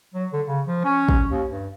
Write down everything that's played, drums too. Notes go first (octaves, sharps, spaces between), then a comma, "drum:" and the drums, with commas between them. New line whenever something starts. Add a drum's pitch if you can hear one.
F#3
D3
C#3
F3
C#4
drum: kick
D#2
G2